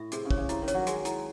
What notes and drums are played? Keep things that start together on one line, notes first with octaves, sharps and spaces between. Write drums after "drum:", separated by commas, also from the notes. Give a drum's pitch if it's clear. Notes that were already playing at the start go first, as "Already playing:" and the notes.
Already playing: A2 E5
C3 G#4, drum: hi-hat
C#3
C#5, drum: kick
C#3
C3 E4, drum: hi-hat
D#3
C#5, drum: hi-hat
F#3
G#3 G#4, drum: hi-hat
E4, drum: hi-hat